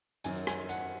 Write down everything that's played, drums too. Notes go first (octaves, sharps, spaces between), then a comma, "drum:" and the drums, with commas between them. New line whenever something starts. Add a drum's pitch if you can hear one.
F#2 D#3 F#3 G#5, drum: hi-hat
G#5, drum: rim click
F#5, drum: hi-hat